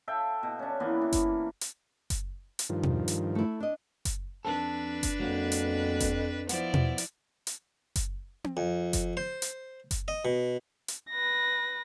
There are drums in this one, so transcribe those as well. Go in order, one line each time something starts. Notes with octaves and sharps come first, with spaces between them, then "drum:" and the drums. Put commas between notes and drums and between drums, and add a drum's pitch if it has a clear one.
A4 E5 F5 G5
B2
C#4 D4
E3 A#3 B3
E3
drum: kick F#1, hi-hat
drum: hi-hat
drum: kick F#1, hi-hat
drum: hi-hat
G2 D#3 F3
drum: tom
drum: hi-hat
A3 E4
D4 D#5
drum: kick F#1, hi-hat
F2 D4 A4 B4
drum: kick F#1, hi-hat
F2 F#3 A#3 B3
drum: hi-hat
drum: kick F#1, hi-hat
F3 B3 E4 D5, drum: hi-hat
drum: tom
drum: hi-hat
drum: hi-hat
drum: kick F#1, hi-hat
drum: tom C4
F2
drum: kick F#1, hi-hat
C5
drum: hi-hat
drum: kick F#1, hi-hat
D#5
B2
drum: hi-hat
B4 A#6